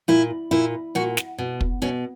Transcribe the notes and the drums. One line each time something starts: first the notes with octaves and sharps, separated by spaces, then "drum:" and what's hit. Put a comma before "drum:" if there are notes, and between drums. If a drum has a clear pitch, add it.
A#2 E4
A#2 E4
A#2 F#4
drum: snare
B2
drum: kick
B2 C#4